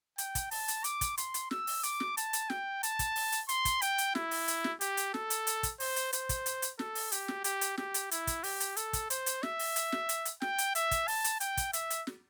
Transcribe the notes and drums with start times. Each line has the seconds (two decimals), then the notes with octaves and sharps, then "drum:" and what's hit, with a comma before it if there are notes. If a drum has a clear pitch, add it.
0.18 G5, drum: hi-hat
0.35 drum: kick, hi-hat
0.51 A5, drum: open hi-hat
0.68 drum: hi-hat
0.84 D6, drum: hi-hat
1.01 drum: kick, hi-hat
1.18 C6, drum: hi-hat
1.34 drum: hi-hat
1.51 E6, drum: snare
1.67 drum: open hi-hat
1.83 D6, drum: hi-hat
2.00 drum: snare
2.17 A5, drum: hi-hat
2.33 drum: hi-hat
2.50 G5, drum: snare
2.83 A5, drum: hi-hat
2.99 drum: kick, hi-hat
3.16 drum: open hi-hat
3.32 drum: hi-hat
3.49 C6, drum: hi-hat
3.65 drum: kick, hi-hat
3.82 G5, drum: hi-hat
3.98 drum: hi-hat
4.15 E4, drum: snare
4.31 drum: open hi-hat
4.48 drum: hi-hat
4.64 drum: snare
4.81 G4, drum: hi-hat
4.97 drum: hi-hat
5.14 A4, drum: snare
5.30 drum: hi-hat
5.47 drum: hi-hat
5.63 drum: kick, hi-hat
5.80 C5, drum: open hi-hat
5.96 drum: hi-hat
6.13 C5, drum: hi-hat
6.29 drum: kick, hi-hat
6.46 drum: hi-hat
6.62 drum: hi-hat
6.79 A4, drum: snare
6.95 drum: open hi-hat
7.12 G4, drum: hi-hat
7.28 drum: snare
7.44 G4, drum: hi-hat
7.61 drum: hi-hat
7.78 G4, drum: snare
7.94 drum: hi-hat
8.11 E4, drum: hi-hat
8.27 drum: kick, hi-hat
8.44 G4, drum: open hi-hat
8.60 drum: hi-hat
8.77 A4, drum: hi-hat
8.93 drum: kick, hi-hat
9.10 C5, drum: hi-hat
9.26 drum: hi-hat
9.43 E5, drum: snare
9.59 drum: open hi-hat
9.76 drum: hi-hat
9.92 drum: snare
10.09 drum: hi-hat
10.25 drum: hi-hat
10.42 G5, drum: snare
10.58 drum: hi-hat
10.75 E5, drum: hi-hat
10.91 drum: kick, hi-hat
11.08 A5, drum: open hi-hat
11.24 drum: hi-hat
11.40 G5, drum: hi-hat
11.57 drum: kick, hi-hat
11.73 E5, drum: hi-hat
11.90 drum: hi-hat
12.07 drum: snare